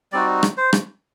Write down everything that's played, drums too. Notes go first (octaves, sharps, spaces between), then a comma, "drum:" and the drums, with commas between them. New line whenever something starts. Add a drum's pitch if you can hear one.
G3 C4 D#4 F#4 D5
drum: rim click
C5
drum: rim click